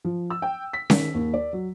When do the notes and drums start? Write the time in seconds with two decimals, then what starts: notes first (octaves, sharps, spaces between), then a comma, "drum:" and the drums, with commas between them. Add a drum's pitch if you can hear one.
0.05 F3
0.30 E6
0.42 G5
0.73 B6
0.90 D#3, drum: snare C#4
1.14 D#2
1.34 D5
1.53 F#3